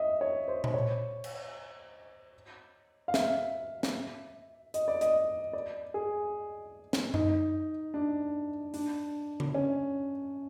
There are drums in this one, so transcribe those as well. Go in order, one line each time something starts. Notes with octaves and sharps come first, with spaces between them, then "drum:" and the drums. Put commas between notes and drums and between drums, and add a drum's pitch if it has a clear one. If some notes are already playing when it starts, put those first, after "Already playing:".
Already playing: D#5 E5
C#5
C5
drum: tom A#2
C#5
drum: cymbal
F5
E5, drum: snare
drum: snare
D#5, drum: hi-hat
D5
D#5, drum: hi-hat
D5
G#4
drum: snare
D#4, drum: tom F#2
D4
D4, drum: open hi-hat
drum: tom C#3
C#4